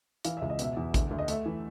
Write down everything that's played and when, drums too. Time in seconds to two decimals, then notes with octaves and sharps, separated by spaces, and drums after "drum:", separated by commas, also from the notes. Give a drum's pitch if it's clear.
0.25 E3 F5, drum: hi-hat
0.37 C#2 E5
0.50 D#5
0.59 B2 E5, drum: hi-hat
0.77 E2
0.94 D2, drum: kick A1, hi-hat
1.11 D2
1.19 D#5
1.28 A3 E5, drum: hi-hat
1.46 E3